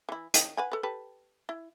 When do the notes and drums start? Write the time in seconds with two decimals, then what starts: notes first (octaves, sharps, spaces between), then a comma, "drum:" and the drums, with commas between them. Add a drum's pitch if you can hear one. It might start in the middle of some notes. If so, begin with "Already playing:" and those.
0.09 E3 E4
0.34 D#3 D#5 G5, drum: hi-hat
0.57 B4 F#5 G#5
0.72 A4 B4
0.83 G4 A4 B4
1.49 E4